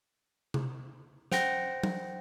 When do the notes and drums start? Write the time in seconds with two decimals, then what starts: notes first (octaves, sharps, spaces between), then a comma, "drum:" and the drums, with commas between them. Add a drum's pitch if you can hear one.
0.54 drum: tom C3
1.32 C5 F#5 G5 A#6, drum: snare
1.83 drum: tom F#3